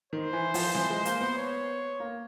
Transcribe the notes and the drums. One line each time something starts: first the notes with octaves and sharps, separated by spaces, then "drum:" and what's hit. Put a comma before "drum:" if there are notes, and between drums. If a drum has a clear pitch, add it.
D#3 C5
E3
F3, drum: open hi-hat
E3, drum: snare C4
G#3
A#3, drum: hi-hat
B3
C#5
A#3